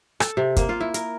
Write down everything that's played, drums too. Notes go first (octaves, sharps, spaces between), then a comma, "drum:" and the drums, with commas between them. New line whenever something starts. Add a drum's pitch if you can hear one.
A4, drum: rim click
C3
A#3, drum: kick, hi-hat
F4
E4
A#4, drum: hi-hat